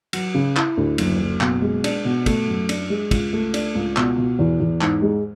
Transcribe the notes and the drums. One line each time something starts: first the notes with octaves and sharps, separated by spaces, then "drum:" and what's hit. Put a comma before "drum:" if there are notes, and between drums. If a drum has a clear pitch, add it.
F#3, drum: cymbal
C#3
E4, drum: clap
D2
F#1, drum: cymbal
F#1
B2, drum: clap
G#3
D4, drum: cymbal
B2
A3, drum: kick, cymbal
F#2
D4, drum: cymbal
G#3
C#2, drum: kick, cymbal
A3
D4, drum: cymbal
C#2
B2, drum: clap
B2
E2
E2
G#2, drum: clap
G#3